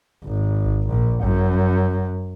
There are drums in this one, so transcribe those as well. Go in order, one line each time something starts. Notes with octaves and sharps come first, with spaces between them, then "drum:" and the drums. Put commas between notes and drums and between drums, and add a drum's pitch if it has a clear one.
G#1
drum: kick G#1
A#1
F#2, drum: kick G#1